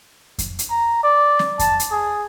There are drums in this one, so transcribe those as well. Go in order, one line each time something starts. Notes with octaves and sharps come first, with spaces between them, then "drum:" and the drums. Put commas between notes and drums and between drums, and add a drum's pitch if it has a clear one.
drum: kick F2, hi-hat
drum: hi-hat
A#5
D5
drum: snare
A5, drum: kick F2, hi-hat
drum: hi-hat
G#4